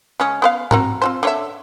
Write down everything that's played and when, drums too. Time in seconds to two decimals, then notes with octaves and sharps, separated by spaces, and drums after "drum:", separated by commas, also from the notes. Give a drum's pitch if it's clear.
0.20 C#3 G#3 C#4
0.42 B3 B4 F5
0.71 C4 F#4 A#4, drum: tom G#2
1.02 C4 F4 C5
1.23 D3 C#5 E5